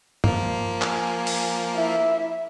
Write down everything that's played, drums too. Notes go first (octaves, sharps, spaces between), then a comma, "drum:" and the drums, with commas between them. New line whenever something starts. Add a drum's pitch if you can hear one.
F3 A#3, drum: tom G2
G#5, drum: clap
drum: open hi-hat
E4 E5